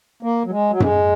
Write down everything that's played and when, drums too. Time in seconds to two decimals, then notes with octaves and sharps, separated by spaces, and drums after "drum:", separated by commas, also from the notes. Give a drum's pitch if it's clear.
0.23 A#3
0.46 F#3
0.51 G#3
0.70 F#3
0.80 G#3, drum: tom F#2